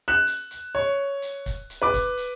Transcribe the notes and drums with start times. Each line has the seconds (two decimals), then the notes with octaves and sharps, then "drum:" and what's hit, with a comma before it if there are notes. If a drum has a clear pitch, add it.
0.08 F#6 E7
0.27 drum: hi-hat
0.51 drum: hi-hat
0.75 C#5
1.22 drum: hi-hat
1.46 drum: kick, hi-hat
1.70 drum: hi-hat
1.82 B4 D6
1.94 drum: kick, hi-hat
2.18 drum: hi-hat